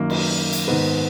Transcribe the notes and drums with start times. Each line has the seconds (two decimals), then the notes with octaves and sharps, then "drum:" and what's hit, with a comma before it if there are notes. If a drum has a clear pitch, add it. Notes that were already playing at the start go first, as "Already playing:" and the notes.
Already playing: F#2 D#3 A#3
0.10 drum: cymbal
0.53 drum: hi-hat
0.68 G#2 D#3 B3